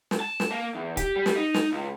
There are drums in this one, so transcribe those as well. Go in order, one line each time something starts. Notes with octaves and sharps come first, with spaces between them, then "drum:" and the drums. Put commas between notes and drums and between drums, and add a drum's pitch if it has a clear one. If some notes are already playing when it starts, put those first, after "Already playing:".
drum: snare
A5
drum: snare
A#3
E2
G4, drum: kick, hi-hat
G3
drum: snare
D#4
drum: snare
C#2